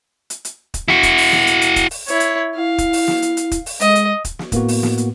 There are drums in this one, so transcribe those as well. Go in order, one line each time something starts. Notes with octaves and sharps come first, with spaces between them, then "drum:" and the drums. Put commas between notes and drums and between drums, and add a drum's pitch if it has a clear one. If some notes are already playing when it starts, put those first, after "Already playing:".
drum: hi-hat
drum: hi-hat
drum: kick, hi-hat
E4 F#4, drum: snare
drum: kick, hi-hat
drum: open hi-hat
drum: snare
drum: hi-hat
drum: hi-hat
drum: kick, hi-hat
drum: open hi-hat
E4 C#5, drum: hi-hat
drum: hi-hat
E4 F5
drum: kick, hi-hat
drum: open hi-hat
drum: snare
drum: hi-hat
drum: hi-hat
drum: kick, hi-hat
drum: open hi-hat
G#3 D#5, drum: hi-hat
drum: hi-hat
drum: kick, hi-hat
drum: snare
A2 A#3 B3 F#4, drum: kick, hi-hat
drum: open hi-hat
drum: snare
drum: hi-hat